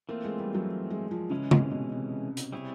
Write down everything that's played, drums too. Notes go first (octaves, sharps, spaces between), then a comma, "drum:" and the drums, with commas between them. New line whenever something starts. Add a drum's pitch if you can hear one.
E3 A3 A#3 C4 F4
G#3
G3
F#3
G#3
F3
C#3 E3 G#3 C#4
C3, drum: tom
B2
C3
drum: hi-hat
C3 G3 C4 E4 G#4 C#5